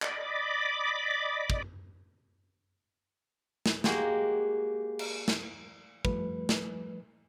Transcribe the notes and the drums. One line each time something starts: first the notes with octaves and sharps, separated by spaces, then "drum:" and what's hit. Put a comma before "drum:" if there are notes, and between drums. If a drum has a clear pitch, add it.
D5 D#5 B5 D6, drum: clap
drum: kick
drum: snare
G#3 A#3 F#4 G4, drum: snare
drum: cymbal
drum: snare
F3 G3 A3 B4, drum: kick
drum: snare